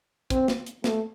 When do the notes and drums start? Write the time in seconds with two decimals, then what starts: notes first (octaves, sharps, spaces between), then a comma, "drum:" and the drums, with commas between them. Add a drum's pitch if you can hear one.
0.30 C4, drum: kick, hi-hat
0.48 drum: snare
0.66 drum: hi-hat
0.84 A3, drum: snare